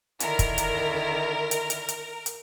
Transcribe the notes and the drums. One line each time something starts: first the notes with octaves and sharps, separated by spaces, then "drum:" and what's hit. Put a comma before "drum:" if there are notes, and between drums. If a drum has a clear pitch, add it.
D3 D#3 E4 A#4, drum: hi-hat
drum: kick, hi-hat
drum: hi-hat
drum: hi-hat
drum: hi-hat
drum: hi-hat
drum: hi-hat